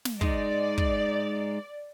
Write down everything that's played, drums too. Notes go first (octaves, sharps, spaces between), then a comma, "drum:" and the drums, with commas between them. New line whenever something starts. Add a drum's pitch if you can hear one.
drum: snare
G#3 D#4 D5, drum: kick
drum: kick